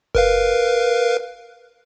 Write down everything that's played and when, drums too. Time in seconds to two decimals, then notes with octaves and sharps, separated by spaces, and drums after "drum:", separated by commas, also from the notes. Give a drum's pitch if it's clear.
0.15 A#4 B4 F5, drum: kick F#1